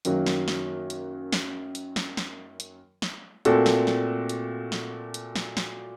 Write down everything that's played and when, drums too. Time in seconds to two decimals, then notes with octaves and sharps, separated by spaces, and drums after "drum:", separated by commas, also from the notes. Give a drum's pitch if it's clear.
0.05 F#2 D#3 F#3 A#3, drum: hi-hat
0.26 drum: snare
0.48 drum: snare
0.90 drum: hi-hat
1.33 drum: snare
1.75 drum: hi-hat
1.96 drum: snare
2.17 drum: snare
2.60 drum: hi-hat
3.02 drum: snare
3.45 A#2 A3 C4 F#4 A4, drum: hi-hat
3.66 drum: snare
3.87 drum: snare
4.29 drum: hi-hat
4.72 drum: snare
5.14 drum: hi-hat
5.36 drum: snare
5.57 drum: snare